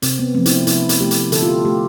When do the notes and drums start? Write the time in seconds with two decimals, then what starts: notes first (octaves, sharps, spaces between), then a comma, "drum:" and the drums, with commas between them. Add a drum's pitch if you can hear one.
0.02 C3 C4, drum: hi-hat
0.19 B3
0.34 F3 A3 C4
0.46 E4, drum: hi-hat
0.51 D4
0.67 C3 E4, drum: hi-hat
0.89 drum: hi-hat
1.00 F3 A3 G4
1.11 drum: hi-hat
1.32 D3 A4, drum: hi-hat
1.43 F4
1.49 G4
1.65 A3 G4